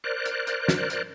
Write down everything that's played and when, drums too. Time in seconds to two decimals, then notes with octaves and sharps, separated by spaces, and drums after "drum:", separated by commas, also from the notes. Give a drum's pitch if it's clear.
0.04 A#4 C5 D5 F#6
0.25 drum: hi-hat
0.47 drum: hi-hat
0.68 drum: snare
0.90 drum: hi-hat